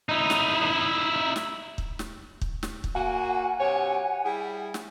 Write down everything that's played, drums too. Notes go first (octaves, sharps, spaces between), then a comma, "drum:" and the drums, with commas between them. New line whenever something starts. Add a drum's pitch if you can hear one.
D#4 E4
drum: snare
drum: snare
drum: kick
drum: snare
drum: kick
drum: snare
drum: kick
A#3 F#4 F#5 G#5
G2 C3 C#5
G3 E4 G#4
drum: snare